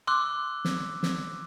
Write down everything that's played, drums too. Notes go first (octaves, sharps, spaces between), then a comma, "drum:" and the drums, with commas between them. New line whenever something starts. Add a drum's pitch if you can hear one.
C6 D6 E6 F#6
drum: snare
drum: snare